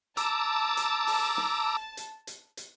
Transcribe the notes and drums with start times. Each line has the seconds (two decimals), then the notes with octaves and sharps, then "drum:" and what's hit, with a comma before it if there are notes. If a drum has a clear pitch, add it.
0.17 A5 A#5 D6 E6, drum: hi-hat
0.77 drum: hi-hat
1.07 drum: open hi-hat
1.37 drum: snare
1.97 drum: hi-hat
2.27 drum: hi-hat
2.57 drum: hi-hat